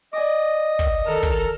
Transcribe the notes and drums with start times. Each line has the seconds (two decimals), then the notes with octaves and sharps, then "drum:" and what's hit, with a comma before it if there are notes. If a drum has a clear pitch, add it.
0.13 D5 D#5 G#5 D6
0.79 drum: kick
1.06 D#3 A4 A#4 A#5
1.23 drum: kick